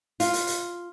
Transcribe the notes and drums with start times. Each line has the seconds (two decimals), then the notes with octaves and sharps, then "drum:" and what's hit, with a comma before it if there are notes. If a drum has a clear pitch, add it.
0.20 F4, drum: hi-hat
0.34 drum: hi-hat
0.47 drum: hi-hat